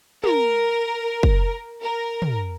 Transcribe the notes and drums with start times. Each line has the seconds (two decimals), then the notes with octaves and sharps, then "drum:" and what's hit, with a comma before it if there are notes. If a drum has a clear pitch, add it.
0.24 A#4, drum: tom
1.23 drum: kick
1.82 A#4
2.22 drum: tom